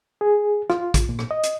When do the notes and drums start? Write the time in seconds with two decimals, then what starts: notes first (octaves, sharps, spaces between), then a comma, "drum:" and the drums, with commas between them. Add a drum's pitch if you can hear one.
0.21 G#4
0.70 F4, drum: rim click
0.94 drum: kick, hi-hat
1.09 A#2
1.19 drum: rim click
1.31 D#5
1.43 drum: hi-hat